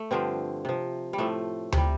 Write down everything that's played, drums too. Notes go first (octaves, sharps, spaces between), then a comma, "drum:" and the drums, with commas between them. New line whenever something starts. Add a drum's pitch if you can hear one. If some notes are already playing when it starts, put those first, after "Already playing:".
Already playing: A3
G2 D3 F3 C4
C3 F3
G3
A2 F3 A3
C3 G3, drum: tom D2